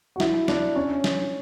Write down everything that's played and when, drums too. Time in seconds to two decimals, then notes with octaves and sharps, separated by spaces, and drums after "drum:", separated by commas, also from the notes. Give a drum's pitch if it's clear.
0.16 F#4
0.20 E4, drum: snare
0.48 D4, drum: snare
0.75 C#4
1.04 drum: snare